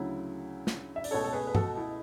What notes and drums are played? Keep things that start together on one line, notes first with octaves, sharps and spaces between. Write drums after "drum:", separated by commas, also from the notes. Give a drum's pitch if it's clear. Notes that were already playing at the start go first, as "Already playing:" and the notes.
Already playing: D2 C#3 F#3 E4
drum: snare
E5
D5, drum: open hi-hat
C#2 B2 A3 A4 C#5
A4
G#4 B4
B4
F#4 A4, drum: tom G2
E4